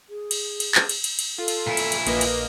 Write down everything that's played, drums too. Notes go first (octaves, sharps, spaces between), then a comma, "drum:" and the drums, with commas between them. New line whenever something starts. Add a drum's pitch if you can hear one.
G#4
drum: cymbal
drum: cymbal
drum: clap
drum: cymbal
drum: cymbal
drum: cymbal
F4 A4
drum: cymbal
A#2 E4
drum: cymbal
drum: cymbal
A#1 A#3 B4 D#5, drum: cymbal
drum: cymbal